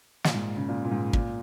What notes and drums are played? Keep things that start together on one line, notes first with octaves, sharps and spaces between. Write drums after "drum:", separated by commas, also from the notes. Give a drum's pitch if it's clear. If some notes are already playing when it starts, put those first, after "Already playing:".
A#2, drum: snare
G#2
C#3
A#2
A#2
G#2
A#2, drum: kick